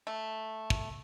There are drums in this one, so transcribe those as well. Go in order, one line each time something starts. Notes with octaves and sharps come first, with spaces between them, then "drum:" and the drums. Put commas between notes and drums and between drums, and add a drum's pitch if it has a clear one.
A3
drum: kick